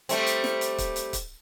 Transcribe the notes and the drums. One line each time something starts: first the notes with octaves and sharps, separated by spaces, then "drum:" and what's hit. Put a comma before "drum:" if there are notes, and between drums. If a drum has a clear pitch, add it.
G3 A3 C4, drum: hi-hat
drum: hi-hat
drum: snare
drum: hi-hat
drum: kick, hi-hat
drum: hi-hat
drum: kick, hi-hat